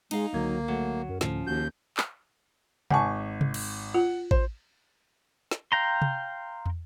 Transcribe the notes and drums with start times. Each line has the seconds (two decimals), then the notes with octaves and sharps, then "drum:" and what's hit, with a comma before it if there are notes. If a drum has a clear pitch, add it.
0.11 G#3 D#4 F5, drum: cymbal
0.33 C#2 D3 F#3 A#3 G#6
0.68 F#3 A3
1.09 F#2 A#4
1.21 D2 A2 D3 F3 C#4, drum: snare
1.47 D#2 F#4 G6
1.97 drum: clap
2.90 G#1 F#5 G#5 A5 C#6, drum: tom C3
3.41 drum: tom C3
3.54 drum: cymbal
3.94 F4 F#5
4.31 C5, drum: kick A1
5.51 drum: snare
5.72 F5 G5 A#5 C6
6.02 drum: tom C3
6.66 drum: tom